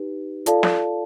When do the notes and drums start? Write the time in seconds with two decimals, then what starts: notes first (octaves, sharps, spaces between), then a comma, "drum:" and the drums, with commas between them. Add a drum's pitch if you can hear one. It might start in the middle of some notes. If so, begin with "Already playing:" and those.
Already playing: D#4 G4 B4
0.46 F4 A4 D5 F5 A5, drum: hi-hat
0.63 drum: snare